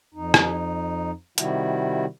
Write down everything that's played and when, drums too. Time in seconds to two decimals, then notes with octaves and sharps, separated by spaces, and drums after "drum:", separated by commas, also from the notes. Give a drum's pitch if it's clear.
0.14 F2 D#4
0.34 drum: rim click
1.38 C3 D#3 G3 E4 F#4, drum: hi-hat